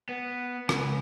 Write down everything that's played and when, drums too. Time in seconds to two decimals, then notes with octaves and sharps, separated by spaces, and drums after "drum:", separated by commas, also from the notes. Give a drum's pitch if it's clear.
0.09 B3
0.69 C#2, drum: rim click